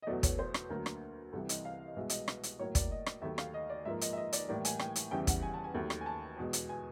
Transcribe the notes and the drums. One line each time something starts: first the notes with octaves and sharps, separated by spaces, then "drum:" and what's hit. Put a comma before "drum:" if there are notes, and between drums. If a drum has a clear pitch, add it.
D#5
E2 B2 F#3 A3 D5
C#5, drum: kick, hi-hat
C5
drum: rim click
D2 D3 F#3 A#3 A#4
drum: rim click
C2 C3 E3 G3 A4
D#5, drum: hi-hat
F5
D#5
C2 B2 G#3 E5
D#5, drum: hi-hat
drum: rim click
drum: hi-hat
A2 F#3 A#3 C#5
D5, drum: kick, hi-hat
D#5
drum: rim click
D#2 D#3 F#3 A3 E5
F5, drum: rim click
D#5
D5
G#2 F3 A#3 E5
D#5, drum: hi-hat
E5
D#5
D5, drum: hi-hat
A2 E3 G3 A#3 D5
G#5, drum: hi-hat
G5, drum: rim click
drum: hi-hat
E2 C#3 E3 G3 G5
F#5, drum: kick, hi-hat
G#5
A5
G#5
D#2 D#3 F#3 A3
drum: rim click
G#5
A5
E2 B2 G#3
drum: hi-hat
G#5